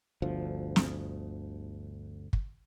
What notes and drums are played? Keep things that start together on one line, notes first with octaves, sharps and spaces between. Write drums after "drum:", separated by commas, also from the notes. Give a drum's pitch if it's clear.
G1 D2 F3
drum: snare
drum: kick